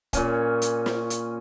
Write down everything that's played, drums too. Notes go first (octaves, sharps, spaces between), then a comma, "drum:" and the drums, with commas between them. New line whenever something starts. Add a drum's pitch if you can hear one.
A#2 C#4 G#5, drum: kick, hi-hat
drum: hi-hat
drum: snare
drum: hi-hat